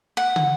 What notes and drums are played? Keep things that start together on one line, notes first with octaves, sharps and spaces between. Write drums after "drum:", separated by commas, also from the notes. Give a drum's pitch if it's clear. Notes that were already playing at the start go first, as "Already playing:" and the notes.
F#5
drum: tom